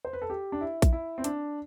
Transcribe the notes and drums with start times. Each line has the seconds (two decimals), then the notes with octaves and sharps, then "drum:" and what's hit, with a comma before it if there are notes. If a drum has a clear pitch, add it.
0.05 C5
0.13 B4
0.22 A4
0.30 G4
0.52 D4
0.61 E4
0.82 drum: kick A#1, hi-hat
0.93 E4
1.18 C4
1.24 D4, drum: hi-hat